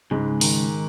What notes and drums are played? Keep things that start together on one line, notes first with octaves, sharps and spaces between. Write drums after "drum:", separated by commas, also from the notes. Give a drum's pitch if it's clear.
C#2 G#2 G#3
D#3, drum: open hi-hat